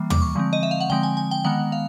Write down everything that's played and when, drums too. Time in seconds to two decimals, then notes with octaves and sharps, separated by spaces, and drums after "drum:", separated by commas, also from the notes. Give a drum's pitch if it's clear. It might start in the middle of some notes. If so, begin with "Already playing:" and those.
Already playing: E3 G3 A#3
0.10 D6, drum: tom
0.22 C#6
0.35 D3 F3 G#3 C4
0.53 D#5
0.63 E5
0.71 F5
0.80 F#5
0.90 D3 F3 G#3 C4 G5
1.03 G#5
1.17 G#5
1.31 G5
1.44 D#3 G#3 B3 F#5
1.72 F5